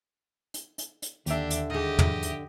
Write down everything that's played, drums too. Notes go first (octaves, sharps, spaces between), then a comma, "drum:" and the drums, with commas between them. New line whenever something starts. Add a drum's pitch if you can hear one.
drum: hi-hat
drum: hi-hat
drum: hi-hat
D#2 D3 D4 G4 E5, drum: hi-hat
drum: hi-hat
D#3 G4 G#4 D#5
drum: tom
drum: hi-hat